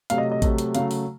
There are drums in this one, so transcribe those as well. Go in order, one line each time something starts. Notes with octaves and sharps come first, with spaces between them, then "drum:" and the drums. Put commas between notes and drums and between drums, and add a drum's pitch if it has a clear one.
C3 F#3 A3 F5, drum: hi-hat
D#5
D#5
C3 F#3 A3, drum: kick A1, hi-hat
drum: hi-hat
C#3 F#3 A3 F5, drum: hi-hat
drum: open hi-hat